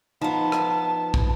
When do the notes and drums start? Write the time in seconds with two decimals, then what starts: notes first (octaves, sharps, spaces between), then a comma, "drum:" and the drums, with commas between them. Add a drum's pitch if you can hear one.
0.22 F3 B3 D#4 A5
0.52 drum: rim click
1.14 drum: kick